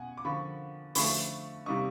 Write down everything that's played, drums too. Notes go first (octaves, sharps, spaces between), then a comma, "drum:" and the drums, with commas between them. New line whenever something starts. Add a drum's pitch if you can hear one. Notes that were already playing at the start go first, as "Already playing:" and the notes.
Already playing: B2 F#5 G#5
D6
D3 F3 A#3 B5 C#6
D3 F3 A3 B5 C#6, drum: open hi-hat
C3 D#3 G3 A#3 D4 C#6 D#6